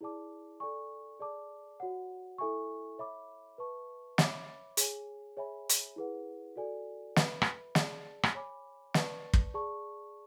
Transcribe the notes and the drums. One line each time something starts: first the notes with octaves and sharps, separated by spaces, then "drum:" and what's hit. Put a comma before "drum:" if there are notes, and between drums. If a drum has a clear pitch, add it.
E4 G#4 D5 A5 D6
A4 D5 G#5 C#6
G#4 D5 A5 D6
F#4 C#5 F#5
E4 A4 E5 G#5 C#6
C#5 E5 B5 D6
B4 E5 A5 C#6
C#5 E5 B5 D6, drum: snare
G#4 C#5 G#5, drum: hi-hat
G#4 C#5 E5 G#5 B5
drum: hi-hat
E4 G#4 B4 F#5
F#4 A4 D5 G#5
B4 E5 B5, drum: snare
drum: rim click
G#4 D5 A5, drum: snare
drum: rim click
C#5 G#5 B5 D6
B4 D5 A5 C#6, drum: snare
drum: kick
G#4 D5 A5 C#6